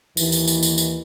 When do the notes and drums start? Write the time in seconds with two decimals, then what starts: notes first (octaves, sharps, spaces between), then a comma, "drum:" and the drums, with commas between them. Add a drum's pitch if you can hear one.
0.17 D#2 E3, drum: tambourine
0.32 drum: tambourine
0.47 drum: tambourine
0.63 drum: tambourine
0.78 drum: tambourine